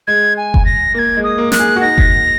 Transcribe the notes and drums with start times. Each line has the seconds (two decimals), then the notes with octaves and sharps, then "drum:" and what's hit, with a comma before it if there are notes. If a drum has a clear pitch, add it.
0.07 G#3 G#6
0.37 G#5
0.54 drum: kick F#1
0.65 A#6
0.94 A#3 G#6 A#6
1.17 G#3
1.24 D#6
1.38 A#3
1.52 F#6, drum: snare
1.59 G#4
1.76 F#4
1.81 D#4 A#6
1.98 drum: kick F#1